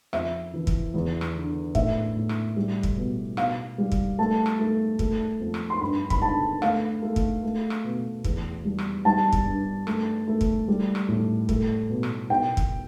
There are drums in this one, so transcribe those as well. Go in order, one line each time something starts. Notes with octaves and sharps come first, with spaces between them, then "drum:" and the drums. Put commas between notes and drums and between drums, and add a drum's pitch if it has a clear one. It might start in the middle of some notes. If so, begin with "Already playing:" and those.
F2 E5, drum: rim click
E3
drum: kick
E2
drum: rim click
D3
A2 E5, drum: kick
A2
drum: rim click
G3
drum: kick
B2
B2 F5, drum: rim click
G3
drum: kick
A3 A5
drum: rim click
A3
A3, drum: kick
F2
drum: rim click
C6
G2 B5
B5, drum: kick
D3 A5
A3 F5, drum: rim click
A3
drum: kick
A3
drum: rim click
B2
E2, drum: kick
G3
drum: rim click
G3 A5
drum: kick
G2
A3, drum: rim click
A3
drum: kick
G3
drum: rim click
A2
A3, drum: kick
B2
drum: rim click
B2 G5
drum: kick